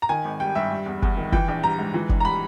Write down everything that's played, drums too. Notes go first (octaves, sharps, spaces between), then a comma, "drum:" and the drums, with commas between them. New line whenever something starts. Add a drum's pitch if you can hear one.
A#5
D#3 G#5
G#1
G3 G5
G2 E5
G3
E2
E2, drum: kick
D#3
E3 G5, drum: kick
A#1
G3 A#5
G#2
E3
A#1, drum: kick
A#5
G3 B5